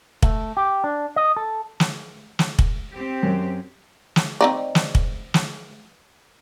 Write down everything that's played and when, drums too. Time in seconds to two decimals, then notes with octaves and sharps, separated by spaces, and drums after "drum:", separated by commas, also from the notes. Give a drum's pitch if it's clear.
0.22 A3, drum: kick
0.57 G4
0.84 D4
1.16 D#5
1.37 A4
1.80 drum: snare
2.39 drum: snare
2.59 drum: kick
2.93 C4 G4
3.23 F#2
4.16 drum: snare
4.41 C4 D#4 D5
4.75 drum: snare
4.95 drum: kick
5.34 drum: snare